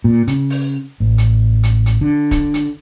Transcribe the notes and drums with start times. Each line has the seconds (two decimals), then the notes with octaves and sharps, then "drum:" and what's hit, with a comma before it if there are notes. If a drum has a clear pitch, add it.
0.04 A#2
0.27 C#3, drum: hi-hat
0.50 drum: open hi-hat
1.00 A1
1.18 drum: hi-hat
1.63 drum: hi-hat
1.86 drum: hi-hat
2.01 D3
2.31 drum: kick D1, hi-hat
2.54 drum: hi-hat